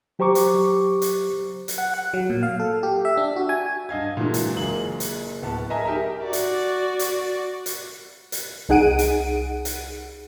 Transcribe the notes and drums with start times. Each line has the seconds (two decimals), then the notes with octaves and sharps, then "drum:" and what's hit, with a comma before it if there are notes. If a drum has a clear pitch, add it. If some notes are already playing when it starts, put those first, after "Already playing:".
0.19 F#3 G4 C5 A#5 C#6 D6
0.35 drum: hi-hat
1.02 drum: hi-hat
1.68 drum: hi-hat
1.78 F#5
1.94 F#5
2.14 F#3
2.30 A#2
2.43 F5
2.60 A4
2.83 G4
3.05 E5
3.17 D4
3.36 F#4
3.49 G#5
3.89 G2 D#5 F5 G#6
4.17 A#2 D3 E3 F#3 G#3
4.34 drum: hi-hat
4.56 F#1 A#3 G#4 F#7
5.00 drum: hi-hat
5.42 D1 B3 A5
5.70 G#4 A#4 D#5 E5 G#5 A#5
5.85 D#4 G4 A#4 E5 A#5
6.24 F#4 D5
6.33 drum: hi-hat
6.99 drum: hi-hat
7.66 drum: hi-hat
8.32 drum: hi-hat
8.69 C2 D#4 G#4 F#5 D7 D#7
8.99 drum: hi-hat
9.65 drum: hi-hat